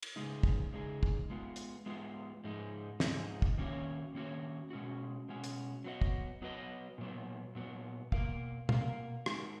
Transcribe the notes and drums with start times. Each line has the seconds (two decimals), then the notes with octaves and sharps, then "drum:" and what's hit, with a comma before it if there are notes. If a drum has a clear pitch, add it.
0.03 drum: cymbal
0.16 C#3 G#3 D#4 G#4
0.43 drum: kick
0.73 C#3 G#3 D#4 G#4
1.03 drum: kick
1.30 G#3 B3 F4
1.56 drum: hi-hat
1.86 G#3 B3 F4
2.44 G#2 F3 G#3 D#4
3.00 G#2 F3 G#3 D#4, drum: snare
3.42 drum: kick
3.57 D#3 A#3 C#4 F#4 C#5
4.14 D#3 A#3 C#4 F#4 C#5
4.71 B2 G#3 C#4 F#4
5.29 B2 G#3 C#4 F#4
5.44 drum: hi-hat
5.84 F#3 B3 F#4 B4 D#5
6.01 drum: kick
6.42 F#3 B3 F#4 B4 D#5
6.98 A#2 F#3 B3
7.55 A#2 F#3 B3
8.12 B2 A#3 F4 A#4 F5, drum: kick
8.69 B2 A#3 F4 A#4 F5, drum: tom A#2
9.26 G#3 D#4 F#4 A#4, drum: rim click